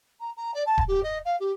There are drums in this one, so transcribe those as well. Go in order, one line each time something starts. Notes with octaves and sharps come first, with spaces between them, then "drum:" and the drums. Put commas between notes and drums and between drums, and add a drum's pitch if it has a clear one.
A#5
A#5
D5
A5
drum: kick D#1
G4
D#5
F5
G4